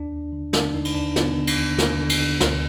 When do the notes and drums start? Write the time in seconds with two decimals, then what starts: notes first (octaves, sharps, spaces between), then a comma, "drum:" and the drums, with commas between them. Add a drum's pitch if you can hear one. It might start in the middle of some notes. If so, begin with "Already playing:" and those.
Already playing: D#2 D4
0.13 D#2
0.32 D3
0.53 D3 D4, drum: snare
0.74 D#2 D#4
0.85 drum: cymbal
0.95 D#2 D4
1.16 D3 B3, drum: snare
1.37 D3
1.47 drum: cymbal
1.57 D#2
1.78 D#2, drum: snare
1.99 D3
2.09 drum: cymbal
2.20 D3
2.40 D2, drum: snare